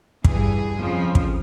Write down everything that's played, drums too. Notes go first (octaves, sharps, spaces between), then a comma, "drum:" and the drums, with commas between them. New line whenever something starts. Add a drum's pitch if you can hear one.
G2 E3 G#4, drum: kick
F2 C#3 F3
drum: kick